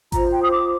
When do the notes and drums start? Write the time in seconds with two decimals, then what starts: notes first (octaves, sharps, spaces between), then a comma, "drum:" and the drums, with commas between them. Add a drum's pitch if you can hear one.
0.12 F4 C5 A#5, drum: kick G#1, hi-hat
0.32 G5
0.42 D#6
0.52 D6